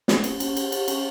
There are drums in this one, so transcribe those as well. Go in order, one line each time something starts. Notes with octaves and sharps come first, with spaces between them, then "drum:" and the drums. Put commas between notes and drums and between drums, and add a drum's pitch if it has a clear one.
A#3, drum: snare
C#4, drum: cymbal
C#4, drum: cymbal
G4, drum: cymbal
G4, drum: cymbal
C#4, drum: cymbal